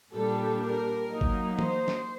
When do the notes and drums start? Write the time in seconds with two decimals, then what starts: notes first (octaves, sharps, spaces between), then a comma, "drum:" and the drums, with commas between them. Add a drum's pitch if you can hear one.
0.13 A#2 G3 D4 A4
0.61 A#4
1.10 F#3 A#3 D#4
1.21 drum: kick
1.59 C5, drum: tom
1.88 drum: snare